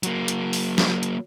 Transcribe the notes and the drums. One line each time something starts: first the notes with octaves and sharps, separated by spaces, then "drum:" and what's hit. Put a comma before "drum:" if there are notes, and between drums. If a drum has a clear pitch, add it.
F#3 A#3, drum: hi-hat
drum: hi-hat
drum: open hi-hat
drum: snare
drum: hi-hat